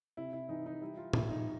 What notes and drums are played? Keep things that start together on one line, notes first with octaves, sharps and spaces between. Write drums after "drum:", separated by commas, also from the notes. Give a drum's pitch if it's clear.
C3 E4
E4
E3 D#4
D#4
G3 E4
F4
G3 E4, drum: tom A2
D#4